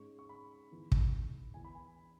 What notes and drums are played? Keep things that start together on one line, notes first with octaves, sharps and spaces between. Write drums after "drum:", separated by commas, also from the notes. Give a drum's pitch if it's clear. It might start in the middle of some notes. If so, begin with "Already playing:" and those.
Already playing: G#2 G#3 C#4 C#6
C#6
B5
G#2 E3 B3
drum: kick
E2 E3 B3 G#5
B5
G#5